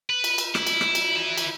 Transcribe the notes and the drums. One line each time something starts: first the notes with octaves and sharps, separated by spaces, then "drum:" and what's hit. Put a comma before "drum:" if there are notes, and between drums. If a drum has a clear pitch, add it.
B4
drum: cymbal
drum: cymbal
E4, drum: rim click
drum: cymbal
drum: rim click
drum: cymbal
E4 B4
drum: cymbal